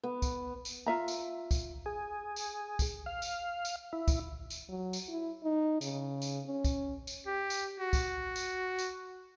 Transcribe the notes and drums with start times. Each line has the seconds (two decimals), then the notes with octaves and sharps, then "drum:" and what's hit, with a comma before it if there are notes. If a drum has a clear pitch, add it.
0.03 B3
0.22 drum: kick, tambourine
0.65 drum: tambourine
0.86 F4 E5 A#5
1.08 drum: tambourine
1.51 drum: kick, tambourine
1.86 G#4
2.36 drum: tambourine
2.79 drum: kick, tambourine
3.06 F5
3.22 drum: tambourine
3.65 drum: tambourine
3.93 E4
4.08 drum: kick, tambourine
4.50 drum: tambourine
4.69 F#3
4.93 drum: tambourine
5.09 E4
5.44 D#4
5.81 C#3, drum: tambourine
6.22 drum: tambourine
6.46 C#4
6.64 drum: kick, tambourine
7.07 drum: tambourine
7.26 G4
7.50 drum: tambourine
7.79 F#4
7.93 drum: kick, tambourine
8.36 drum: tambourine
8.79 drum: tambourine